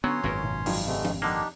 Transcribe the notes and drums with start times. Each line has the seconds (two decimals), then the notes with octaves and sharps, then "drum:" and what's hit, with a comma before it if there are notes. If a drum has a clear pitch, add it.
0.04 D3 F#3 B3 C#4 C#5 C6
0.24 G#1 F#2 A#2 B3
0.43 B1
0.66 G2 F3 F#3 D#4, drum: open hi-hat
0.86 G#2 C3 G#3 A3
1.05 drum: tom F3
1.22 D3 A#3 D4 D#4 G4